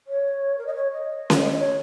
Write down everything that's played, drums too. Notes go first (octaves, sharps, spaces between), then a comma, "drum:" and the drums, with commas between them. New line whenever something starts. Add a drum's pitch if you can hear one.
C#5
A#4
D#5
C#5
D#5
drum: snare C#4
C#5